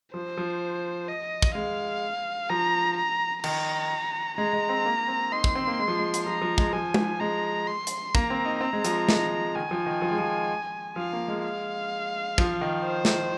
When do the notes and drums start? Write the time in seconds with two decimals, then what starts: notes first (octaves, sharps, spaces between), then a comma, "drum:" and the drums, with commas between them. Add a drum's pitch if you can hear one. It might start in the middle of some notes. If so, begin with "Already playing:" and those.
0.14 F3 C5
0.38 F3
1.08 D#5
1.42 drum: kick
1.55 G#3 F5
2.49 F3 A#5
2.97 A#5
3.44 D#3 A#5, drum: cymbal
4.37 G#3 A#5
4.53 G#3
4.69 C4
4.85 A#3
5.08 C4
5.32 D#4 C6
5.44 D#4, drum: kick
5.55 C4
5.67 A#3
5.79 G#3
5.88 F3
5.99 G#3
6.14 drum: hi-hat
6.25 F3 A#5
6.42 F3
6.58 G#3, drum: kick
6.73 F3 G#5
6.94 drum: tom G#3
7.20 G#3 A#5
7.67 C6
7.87 drum: hi-hat
8.15 A#3 A#5, drum: kick
8.30 C4
8.45 D#4
8.61 C4 A#5
8.73 G#3
8.85 F3, drum: hi-hat
9.09 G#3, drum: snare
9.55 D#3 G#5
9.71 F3
9.86 D#3
10.02 F3
10.11 G#3
10.18 F3
10.96 F3 F5
11.13 A#3
11.28 G#3
11.44 F5
12.38 F3, drum: kick
12.61 D#3
12.85 C5
13.05 drum: snare